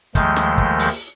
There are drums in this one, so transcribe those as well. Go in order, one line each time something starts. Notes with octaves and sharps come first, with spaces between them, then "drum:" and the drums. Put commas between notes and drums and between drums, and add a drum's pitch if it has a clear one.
D#2 D#3 F3 G#3 A3 G6, drum: kick, hi-hat
drum: snare
drum: kick
drum: open hi-hat